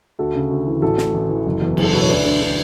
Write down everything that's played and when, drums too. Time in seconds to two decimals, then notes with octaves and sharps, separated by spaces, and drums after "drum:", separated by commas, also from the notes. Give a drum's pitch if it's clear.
0.19 D2 F#4 A4
0.35 C#3
0.51 D2
0.67 E3
0.82 A1 F#4 A4
0.98 A2, drum: snare
1.14 A1
1.29 E3
1.46 F#1
1.62 E2
1.77 F#1, drum: cymbal
1.83 A4
1.93 B2 B4
2.00 C#5
2.08 D2 B4 D5
2.25 D3
2.41 D3